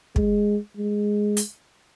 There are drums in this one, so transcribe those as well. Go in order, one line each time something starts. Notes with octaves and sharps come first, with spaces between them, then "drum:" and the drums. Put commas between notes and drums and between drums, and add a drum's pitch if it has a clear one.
G#3, drum: kick
G#3
drum: hi-hat